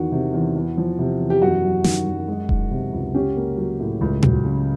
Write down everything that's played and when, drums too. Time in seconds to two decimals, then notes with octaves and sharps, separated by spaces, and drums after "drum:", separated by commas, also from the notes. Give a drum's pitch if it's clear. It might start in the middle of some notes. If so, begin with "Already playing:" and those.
Already playing: E2 D#3 F#4
0.12 C3
0.33 E2
0.56 E2
0.77 F3
0.99 C3
1.20 E2
1.30 G4
1.42 F#2 F#4
1.63 F#3
1.84 D#3, drum: snare
2.06 F#2
2.28 G#3
2.49 D#3, drum: kick E1
2.71 C3
2.93 C#2
3.14 C#4 G4
3.36 A#3
3.57 F#3
3.80 A2
4.01 C#2
4.22 F#3, drum: tom A#2
4.45 C#3